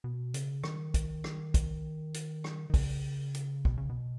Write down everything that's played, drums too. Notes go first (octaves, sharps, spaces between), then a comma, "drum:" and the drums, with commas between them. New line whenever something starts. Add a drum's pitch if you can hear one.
B2
C#3, drum: hi-hat
D#3, drum: rim click
drum: kick, hi-hat
drum: rim click
drum: kick, hi-hat
drum: hi-hat
drum: rim click
D#3
C#3, drum: kick, open hi-hat
drum: hi-hat
B2, drum: kick
C#3
B2